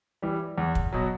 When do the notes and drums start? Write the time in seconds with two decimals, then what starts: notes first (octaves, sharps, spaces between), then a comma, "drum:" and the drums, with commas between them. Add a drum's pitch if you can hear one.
0.22 E3 G3
0.58 E2
0.75 drum: kick
0.93 B2 F#3